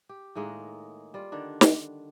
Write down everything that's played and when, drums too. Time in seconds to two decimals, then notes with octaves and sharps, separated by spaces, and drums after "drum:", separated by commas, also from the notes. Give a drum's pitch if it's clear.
0.09 G4
0.35 A2 D#3 G#3 A#3
1.14 G3 F4
1.32 D3 D#3 D4
1.61 drum: snare